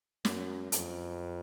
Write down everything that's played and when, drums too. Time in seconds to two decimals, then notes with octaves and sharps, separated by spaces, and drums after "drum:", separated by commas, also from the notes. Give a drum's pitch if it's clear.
0.25 F#2, drum: snare
0.72 F2, drum: hi-hat